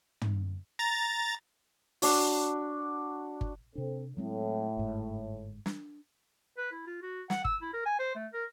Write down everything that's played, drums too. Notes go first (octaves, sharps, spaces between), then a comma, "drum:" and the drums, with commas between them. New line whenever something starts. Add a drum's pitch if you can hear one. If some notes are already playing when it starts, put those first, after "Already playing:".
drum: tom
A#5 A6
D4 F#4, drum: open hi-hat
drum: kick G1
C3 C4 D4 A4
A2 F#3 G#3 C4
G1 G#2
D4, drum: snare
B4
E4
F4
F#4
F#5, drum: snare
E6, drum: kick G1
E4
A#4
G#5
C5
A3
A#4